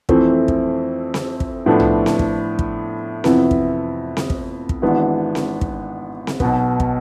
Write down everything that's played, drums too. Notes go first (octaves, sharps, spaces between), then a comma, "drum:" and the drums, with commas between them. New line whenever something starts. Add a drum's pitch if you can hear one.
F2 E3 A3 C4, drum: kick
drum: kick
drum: snare C4
drum: kick
A2 F3 B3 D4 A4
drum: tom
drum: snare C4
drum: kick
drum: kick
F2 C3 E3 B3 E4, drum: snare C4
drum: kick
drum: snare C4
drum: kick
drum: kick
G#1 G#2 E3 B3 D4
drum: snare C4
drum: kick
drum: snare C4
B1 B2 B3, drum: kick
drum: kick